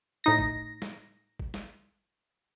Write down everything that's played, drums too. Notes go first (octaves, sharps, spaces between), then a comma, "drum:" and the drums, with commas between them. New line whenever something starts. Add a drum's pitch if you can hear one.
A2 D#4 A#6
drum: kick G#1
drum: snare
drum: kick G#1
drum: snare